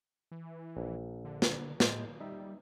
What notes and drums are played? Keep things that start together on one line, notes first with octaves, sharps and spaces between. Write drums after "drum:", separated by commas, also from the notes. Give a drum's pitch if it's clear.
E3
A#1
D3
drum: snare
A2 G#3, drum: snare
G3 D#4 E5